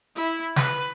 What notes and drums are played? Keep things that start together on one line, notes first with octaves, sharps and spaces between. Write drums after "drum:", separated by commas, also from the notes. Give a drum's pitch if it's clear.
E4
B4, drum: snare